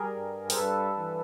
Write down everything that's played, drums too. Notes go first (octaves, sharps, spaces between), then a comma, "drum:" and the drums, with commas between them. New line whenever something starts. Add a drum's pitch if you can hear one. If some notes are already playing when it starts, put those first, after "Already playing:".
Already playing: G3 G#4 A#4
G2
C5, drum: open hi-hat
G2 A4 B4
E3